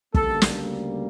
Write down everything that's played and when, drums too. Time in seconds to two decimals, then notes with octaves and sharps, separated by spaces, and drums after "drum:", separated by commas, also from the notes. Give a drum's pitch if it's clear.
0.14 D2 C#3 G3 A#3 A4, drum: kick
0.42 drum: snare